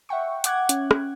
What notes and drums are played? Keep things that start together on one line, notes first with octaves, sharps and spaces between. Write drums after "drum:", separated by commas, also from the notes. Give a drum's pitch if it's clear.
E5 F#5 G5 C#6
F#5 D6 F#6 G#6, drum: hi-hat
C#4, drum: hi-hat
drum: rim click